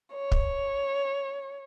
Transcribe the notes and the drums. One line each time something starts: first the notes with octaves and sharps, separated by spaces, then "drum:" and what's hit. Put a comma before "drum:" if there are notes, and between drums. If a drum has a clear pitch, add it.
C#5
drum: kick